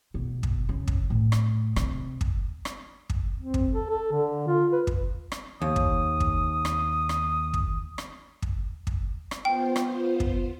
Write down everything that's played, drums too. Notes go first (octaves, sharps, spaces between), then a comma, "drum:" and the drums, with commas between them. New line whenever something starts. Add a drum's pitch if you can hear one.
B2
drum: kick
C#3
drum: kick
A2
drum: rim click
C3, drum: rim click
drum: kick
drum: rim click
drum: kick
C4
drum: kick
A4
A4
D3
F4
B4
drum: kick
drum: rim click
D#2 D#6
drum: kick
drum: kick
drum: rim click
drum: rim click
drum: kick
drum: rim click
drum: kick
drum: kick
drum: rim click
B3 F4 C5 G5
drum: rim click
drum: kick